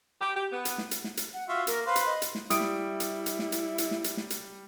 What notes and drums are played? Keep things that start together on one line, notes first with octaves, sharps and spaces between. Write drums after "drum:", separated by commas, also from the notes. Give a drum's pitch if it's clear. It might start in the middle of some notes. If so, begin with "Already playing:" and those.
G4
G4
B3
drum: hi-hat
drum: snare
drum: hi-hat
drum: snare
drum: hi-hat
F#5
F4 F#4 E5 F5
A#3 A#4, drum: hi-hat
B4 C5 F5 C6
drum: hi-hat
D#5
drum: hi-hat
drum: snare
G3 E4 D#6 D7, drum: hi-hat
drum: snare
drum: hi-hat
drum: hi-hat
drum: snare
drum: hi-hat
drum: hi-hat
drum: snare
drum: hi-hat
drum: snare
drum: hi-hat